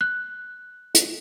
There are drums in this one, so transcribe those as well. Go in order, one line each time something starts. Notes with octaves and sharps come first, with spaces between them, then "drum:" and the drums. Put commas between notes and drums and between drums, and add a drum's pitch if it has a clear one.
F#6
drum: hi-hat